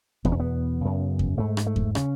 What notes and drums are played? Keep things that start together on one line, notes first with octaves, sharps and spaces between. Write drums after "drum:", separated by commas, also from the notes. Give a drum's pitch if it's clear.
E2 B2 B3, drum: kick E2
C#4
B3
F#2 C#3
drum: kick E2
G#2 A3
drum: rim click
A3
drum: kick E2
C#3 C#4, drum: rim click